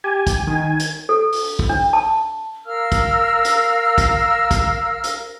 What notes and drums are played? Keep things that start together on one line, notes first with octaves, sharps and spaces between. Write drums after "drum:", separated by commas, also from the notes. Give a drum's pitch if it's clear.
G4 G#5
drum: kick, hi-hat
D#3
drum: hi-hat
A4
drum: open hi-hat
drum: kick
D4
A5
A#4 F5 E6 F6
drum: kick, hi-hat
drum: hi-hat
drum: kick, hi-hat
drum: kick, hi-hat
drum: hi-hat